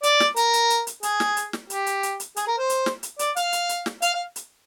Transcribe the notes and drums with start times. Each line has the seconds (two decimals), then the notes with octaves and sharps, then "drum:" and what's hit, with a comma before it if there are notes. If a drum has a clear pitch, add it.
0.03 D5, drum: hi-hat
0.20 drum: snare
0.36 A#4, drum: hi-hat
0.54 drum: hi-hat
0.70 drum: hi-hat
0.87 drum: hi-hat
1.03 G#4, drum: hi-hat
1.20 drum: snare
1.37 drum: hi-hat
1.53 drum: snare
1.70 G4, drum: hi-hat
1.86 drum: hi-hat
2.03 drum: hi-hat
2.20 drum: hi-hat
2.36 G#4, drum: hi-hat
2.47 A#4
2.58 C5
2.70 drum: hi-hat
2.86 drum: snare
3.03 drum: hi-hat
3.19 D5, drum: hi-hat
3.36 F5, drum: hi-hat
3.53 drum: hi-hat
3.69 drum: hi-hat
3.86 drum: snare
4.02 F5, drum: hi-hat
4.14 F5
4.36 drum: hi-hat